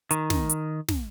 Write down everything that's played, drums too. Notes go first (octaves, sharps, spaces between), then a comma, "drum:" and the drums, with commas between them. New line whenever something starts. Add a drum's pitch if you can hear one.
D#3, drum: hi-hat
drum: snare
drum: hi-hat
drum: snare